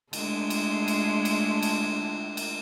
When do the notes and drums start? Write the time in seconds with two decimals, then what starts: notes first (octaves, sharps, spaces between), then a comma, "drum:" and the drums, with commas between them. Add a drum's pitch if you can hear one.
0.13 D3 G#3 A3, drum: cymbal
0.50 drum: cymbal
0.88 drum: cymbal
1.25 drum: cymbal
1.62 drum: cymbal
2.37 drum: cymbal